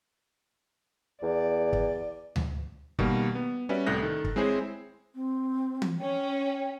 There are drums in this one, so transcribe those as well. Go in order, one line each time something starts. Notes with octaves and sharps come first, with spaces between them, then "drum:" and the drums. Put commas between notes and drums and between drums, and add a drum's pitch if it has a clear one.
E2 D5
drum: kick
drum: tom D2
B2 D#3 G3 A#3, drum: kick
B3
G3 C#4 F#4 B4 D5 E5
C2 A2 A4 F#6 A#6
D#3 A4
drum: kick
G#3 C4 E4 G#4 C5 C#5
C4
drum: tom E3
C#4 G5